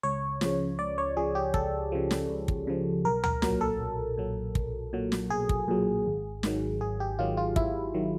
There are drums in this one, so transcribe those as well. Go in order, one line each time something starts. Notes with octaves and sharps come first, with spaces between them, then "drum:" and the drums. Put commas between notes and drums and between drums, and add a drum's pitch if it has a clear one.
C#2 C#5
C#3 F3, drum: snare
C#2 D5
C#5
C#3 F3 G#4
G4
C#2 A4, drum: kick
C#3 F3
drum: snare
C#2
drum: kick
C#3 F3
B1 A#4
A#4, drum: tom D2
A#2 F#3 A#4, drum: snare
A4
B1
A#2 F#3
B1, drum: kick
A#2 F#3
drum: snare
B1 G#4
drum: kick
A#2 F#3
G#1
G#2 D#3 F#3, drum: snare
G#1 G#4
G4
G#2 D#3 F#3 F4
F4
G#1 E4, drum: kick
D#3 F#3